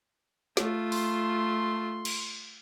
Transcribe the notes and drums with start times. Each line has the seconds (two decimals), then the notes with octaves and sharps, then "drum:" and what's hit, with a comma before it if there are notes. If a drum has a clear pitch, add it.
0.57 A3 F4, drum: snare
0.92 C6, drum: open hi-hat
2.05 drum: cymbal